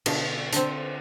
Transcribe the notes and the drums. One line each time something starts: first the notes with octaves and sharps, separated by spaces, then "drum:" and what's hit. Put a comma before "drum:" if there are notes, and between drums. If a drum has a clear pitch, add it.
B2 D3, drum: cymbal
D3 C4, drum: hi-hat